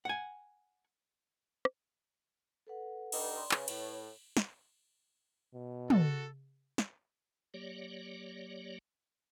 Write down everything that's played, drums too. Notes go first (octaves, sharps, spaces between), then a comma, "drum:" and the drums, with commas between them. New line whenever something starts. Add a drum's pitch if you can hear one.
F#5 G#5
drum: rim click
A4 B4 F#5
G2 G3 D#4, drum: cymbal
D5 C6
C#3 B4 C#5, drum: clap
A2, drum: cymbal
drum: snare
B2
F#4 A4, drum: tom
drum: snare
F#3 A#3 G4 C#5 D5